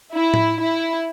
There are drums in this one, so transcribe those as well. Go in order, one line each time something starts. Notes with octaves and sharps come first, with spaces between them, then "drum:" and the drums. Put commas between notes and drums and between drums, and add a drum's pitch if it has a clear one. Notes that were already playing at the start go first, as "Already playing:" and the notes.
E4
drum: tom A2
E4